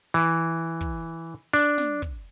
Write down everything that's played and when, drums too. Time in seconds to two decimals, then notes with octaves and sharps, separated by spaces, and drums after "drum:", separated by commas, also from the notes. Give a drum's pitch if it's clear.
0.14 E3
0.81 drum: kick
1.53 D4
1.78 drum: snare
2.02 drum: kick